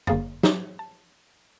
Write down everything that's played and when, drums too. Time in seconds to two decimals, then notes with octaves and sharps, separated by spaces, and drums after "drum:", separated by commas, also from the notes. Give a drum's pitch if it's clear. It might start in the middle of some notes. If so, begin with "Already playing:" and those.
0.07 G1 A#3 G#4 F5 A6, drum: tom F#2
0.43 F#3 D#4 D6 D#6, drum: snare
0.79 A5